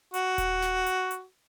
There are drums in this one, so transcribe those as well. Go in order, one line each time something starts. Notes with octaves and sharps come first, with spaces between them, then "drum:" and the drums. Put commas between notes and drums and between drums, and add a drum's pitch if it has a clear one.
F#4, drum: hi-hat
drum: kick D#1, hi-hat
drum: snare
drum: hi-hat
drum: hi-hat